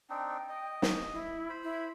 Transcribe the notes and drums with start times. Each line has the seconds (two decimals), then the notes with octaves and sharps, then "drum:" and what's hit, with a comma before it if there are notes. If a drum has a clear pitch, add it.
0.10 C4 D4 D#4 G5
0.49 D#5
0.82 drum: snare
1.13 E4
1.49 C5 B5
1.64 E4